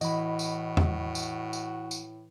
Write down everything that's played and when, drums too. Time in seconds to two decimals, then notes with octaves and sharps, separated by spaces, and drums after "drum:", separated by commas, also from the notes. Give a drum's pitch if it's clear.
0.01 A2 E3 F#4 D#5 B5, drum: tambourine
0.39 drum: tambourine
0.77 drum: tom E2
1.15 drum: tambourine
1.53 drum: tambourine
1.91 drum: tambourine